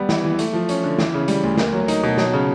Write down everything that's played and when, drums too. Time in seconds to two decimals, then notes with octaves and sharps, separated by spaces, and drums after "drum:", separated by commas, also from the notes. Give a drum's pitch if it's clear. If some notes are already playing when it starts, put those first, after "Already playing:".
Already playing: G3 B3
0.09 E3, drum: snare
0.24 E3
0.39 A3, drum: hi-hat
0.53 F3
0.69 C#4, drum: hi-hat
0.84 D3
0.99 E3, drum: snare
1.14 C#3
1.28 G3, drum: hi-hat
1.43 D2
1.58 A#3, drum: snare
1.73 F#3
1.88 D#4, drum: hi-hat
2.03 B2
2.18 F#3, drum: snare
2.33 C#3